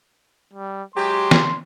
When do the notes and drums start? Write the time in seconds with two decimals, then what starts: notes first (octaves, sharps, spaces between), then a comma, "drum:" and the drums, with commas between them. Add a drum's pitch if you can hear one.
0.53 G3
0.96 F#3 G#3 G4 C6
1.31 drum: snare